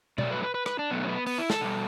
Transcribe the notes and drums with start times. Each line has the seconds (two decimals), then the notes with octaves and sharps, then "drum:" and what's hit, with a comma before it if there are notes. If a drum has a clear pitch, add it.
0.18 G2 F#3 A3 D5, drum: tom B2
0.31 B4
0.43 B4
0.55 B4
0.66 B4, drum: rim click
0.79 D4
0.91 B2 F#3 A3 B3
1.04 C#4
1.08 B3
1.27 B3, drum: open hi-hat
1.38 E4
1.50 A4, drum: snare
1.61 B2 G3